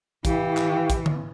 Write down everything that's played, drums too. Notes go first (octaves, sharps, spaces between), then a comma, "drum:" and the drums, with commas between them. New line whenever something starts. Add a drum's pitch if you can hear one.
E3 E4 G4 F5 G5, drum: kick, hi-hat
drum: clap
drum: kick, hi-hat
drum: tom D3